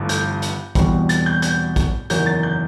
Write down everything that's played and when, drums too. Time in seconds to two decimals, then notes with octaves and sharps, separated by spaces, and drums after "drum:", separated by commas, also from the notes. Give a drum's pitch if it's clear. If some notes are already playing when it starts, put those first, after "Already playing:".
Already playing: G1 G2 E3 A3
0.09 G6, drum: hi-hat
0.42 drum: hi-hat
0.75 E1 E2 B2 G3 C4, drum: kick, hi-hat
1.09 A6, drum: hi-hat
1.26 G6
1.42 G6, drum: hi-hat
1.76 drum: kick, hi-hat
2.10 F#1 E2 D#3 F#3 G6, drum: hi-hat
2.26 A6
2.43 G6